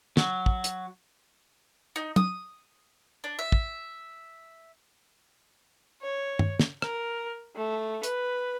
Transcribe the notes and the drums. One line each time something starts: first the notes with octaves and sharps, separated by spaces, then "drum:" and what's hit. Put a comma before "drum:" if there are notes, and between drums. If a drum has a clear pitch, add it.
F#3, drum: snare
drum: kick
drum: hi-hat
D#4
D#6, drum: tom
D4
E5
drum: kick
C#5
drum: tom G2
drum: snare
A#4, drum: rim click
A3
B4, drum: hi-hat